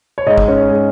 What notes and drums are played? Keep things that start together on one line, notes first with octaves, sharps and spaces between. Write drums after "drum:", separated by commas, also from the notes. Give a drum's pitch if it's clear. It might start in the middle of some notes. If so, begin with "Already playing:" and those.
C#5
G#2 G#3 D#4 D#5
drum: kick
C#4 C#5
G#3 G#4